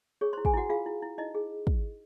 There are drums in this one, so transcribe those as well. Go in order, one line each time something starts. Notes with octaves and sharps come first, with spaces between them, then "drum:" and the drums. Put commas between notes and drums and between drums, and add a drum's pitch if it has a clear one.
G#4 C#5 C#6
E4 C5 C6
G#4 G#5, drum: kick
E4 F#4 F#5
F4 G#4 F5
E4
E4
D#4 E4 D#5
G#4
drum: kick